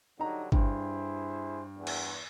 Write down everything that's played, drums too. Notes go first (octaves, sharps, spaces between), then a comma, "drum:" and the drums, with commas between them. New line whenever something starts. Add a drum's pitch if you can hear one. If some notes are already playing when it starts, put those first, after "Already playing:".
D3 F#3 G3 D#4 A#5
G2 E4 G#4 C5, drum: kick G1
E2
drum: cymbal